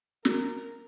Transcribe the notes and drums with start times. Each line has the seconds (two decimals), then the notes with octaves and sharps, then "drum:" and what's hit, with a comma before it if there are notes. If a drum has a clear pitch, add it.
0.25 A#4, drum: snare